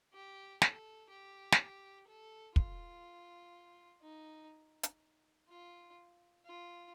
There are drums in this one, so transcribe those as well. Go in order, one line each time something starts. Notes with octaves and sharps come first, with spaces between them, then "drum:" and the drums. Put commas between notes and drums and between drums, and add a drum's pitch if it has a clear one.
G4
A4, drum: snare
G4
drum: snare
A4
F4, drum: kick
D#4
drum: hi-hat
F4
F4